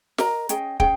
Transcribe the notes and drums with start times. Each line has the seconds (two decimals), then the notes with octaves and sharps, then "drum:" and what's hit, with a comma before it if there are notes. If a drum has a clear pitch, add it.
0.18 A#4 D#5 A#5, drum: snare
0.49 C#4 G#4 D#5 G5, drum: hi-hat
0.80 C#4 G#4 G5, drum: kick